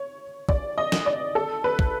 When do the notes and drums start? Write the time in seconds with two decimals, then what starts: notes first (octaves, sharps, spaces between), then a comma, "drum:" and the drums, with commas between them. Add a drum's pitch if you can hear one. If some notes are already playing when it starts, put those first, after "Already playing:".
Already playing: C#5
0.49 D5, drum: kick
0.78 D#5
0.92 drum: snare
1.06 D5
1.35 A4
1.64 B4
1.79 drum: kick